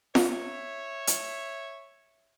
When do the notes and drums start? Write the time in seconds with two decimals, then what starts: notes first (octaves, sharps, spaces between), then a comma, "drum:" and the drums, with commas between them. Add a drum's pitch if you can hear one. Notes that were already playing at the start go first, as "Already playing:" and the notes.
0.15 C#5 E5, drum: snare F4
1.07 drum: hi-hat